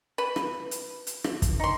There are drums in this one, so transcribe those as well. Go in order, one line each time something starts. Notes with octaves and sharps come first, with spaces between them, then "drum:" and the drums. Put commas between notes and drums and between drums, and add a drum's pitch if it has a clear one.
B4
drum: rim click
drum: hi-hat
drum: hi-hat
drum: rim click
drum: kick, hi-hat
D#4 C6